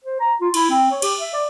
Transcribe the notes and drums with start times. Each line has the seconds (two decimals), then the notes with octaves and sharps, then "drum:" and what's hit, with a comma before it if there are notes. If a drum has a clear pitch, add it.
0.04 C5
0.20 A#5
0.41 F4
0.54 E4, drum: cymbal
0.70 C4
0.91 C#5
1.02 G4, drum: cymbal
1.20 E5
1.33 D5